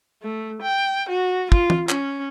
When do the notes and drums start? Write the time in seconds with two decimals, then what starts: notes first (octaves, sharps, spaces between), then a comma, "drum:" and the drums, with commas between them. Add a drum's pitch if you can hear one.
0.23 A3
0.62 G5
1.09 F#4
1.52 F4, drum: kick
1.70 drum: tom
1.89 C#4, drum: clap